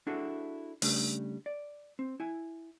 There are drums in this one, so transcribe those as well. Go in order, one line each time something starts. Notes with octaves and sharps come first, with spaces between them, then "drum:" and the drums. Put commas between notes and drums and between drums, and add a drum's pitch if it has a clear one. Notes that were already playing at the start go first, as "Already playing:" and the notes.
D4 E4 F#4 G#4 A4
C#3 G3 A3 D4, drum: open hi-hat
D5
C4
E4 G#5